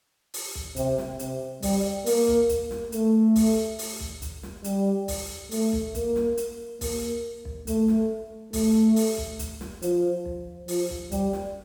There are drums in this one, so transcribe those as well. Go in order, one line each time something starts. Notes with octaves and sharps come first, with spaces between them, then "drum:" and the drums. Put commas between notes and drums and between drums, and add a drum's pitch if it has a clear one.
drum: open hi-hat
drum: kick
C3, drum: kick, hi-hat
drum: snare
C3, drum: hi-hat
G3, drum: kick, open hi-hat
A#3, drum: open hi-hat
drum: kick
drum: kick, hi-hat
drum: snare
A3, drum: hi-hat
drum: kick, open hi-hat
drum: open hi-hat
drum: kick
drum: kick, hi-hat
drum: snare
G3, drum: hi-hat
drum: kick, open hi-hat
A3, drum: open hi-hat
drum: kick
A#3, drum: kick, hi-hat
drum: snare
drum: hi-hat
A#3, drum: kick, open hi-hat
drum: kick
A3, drum: kick, hi-hat
drum: snare
A3, drum: kick, open hi-hat
drum: open hi-hat
drum: kick
drum: kick, hi-hat
drum: snare
F3, drum: hi-hat
drum: kick
F3, drum: open hi-hat
drum: kick
G3, drum: kick, hi-hat
drum: snare